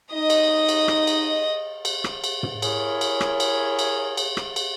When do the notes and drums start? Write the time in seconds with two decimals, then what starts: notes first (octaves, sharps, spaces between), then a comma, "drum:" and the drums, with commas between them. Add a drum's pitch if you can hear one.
0.14 D#4 D#5 D#6
0.30 drum: cymbal
0.69 drum: cymbal
0.88 drum: rim click
1.07 drum: cymbal
1.85 drum: cymbal
2.04 drum: rim click
2.24 drum: cymbal
2.43 drum: tom
2.62 E4 G#4 A#4 C#5, drum: cymbal
3.01 drum: cymbal
3.21 drum: rim click
3.40 drum: cymbal
3.79 drum: cymbal
4.17 drum: cymbal
4.37 drum: rim click
4.56 drum: cymbal